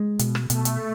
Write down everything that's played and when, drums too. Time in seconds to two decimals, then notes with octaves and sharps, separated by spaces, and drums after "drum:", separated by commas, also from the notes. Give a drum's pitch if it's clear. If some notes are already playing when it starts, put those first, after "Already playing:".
Already playing: G#3
0.19 B2, drum: hi-hat
0.35 drum: rim click
0.50 B2 A3, drum: hi-hat
0.65 drum: hi-hat